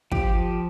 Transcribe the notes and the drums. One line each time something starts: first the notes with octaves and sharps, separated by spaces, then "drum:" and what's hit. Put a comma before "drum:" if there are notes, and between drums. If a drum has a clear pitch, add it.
F3 G4, drum: kick
F3